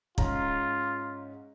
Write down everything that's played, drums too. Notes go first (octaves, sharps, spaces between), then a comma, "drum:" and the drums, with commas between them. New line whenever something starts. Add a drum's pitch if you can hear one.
G#2 C#4 F4 A#5, drum: kick